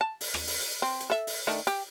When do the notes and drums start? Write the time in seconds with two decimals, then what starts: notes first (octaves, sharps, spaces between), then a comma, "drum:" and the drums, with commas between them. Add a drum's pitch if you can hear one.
0.01 A5
0.21 drum: open hi-hat
0.34 drum: rim click
0.47 drum: open hi-hat
0.61 drum: hi-hat
0.82 C4
1.00 drum: hi-hat
1.10 A4 E5
1.27 drum: open hi-hat
1.47 D#3 A3 D4
1.67 G4, drum: hi-hat